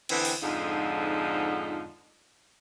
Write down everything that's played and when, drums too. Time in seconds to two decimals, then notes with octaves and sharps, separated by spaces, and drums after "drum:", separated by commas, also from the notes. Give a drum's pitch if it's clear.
0.09 D3 E3 B3 C4, drum: cymbal
0.25 drum: open hi-hat
0.42 F2 G#2 D3 F3 D#4